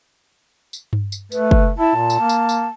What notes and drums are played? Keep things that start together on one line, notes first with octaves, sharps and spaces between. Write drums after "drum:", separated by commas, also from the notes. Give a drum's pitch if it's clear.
drum: tambourine
drum: tom G2
drum: tambourine
A3 B4, drum: tambourine
drum: kick
E4 A5
A#2
drum: tambourine
A#3
drum: tambourine
drum: tambourine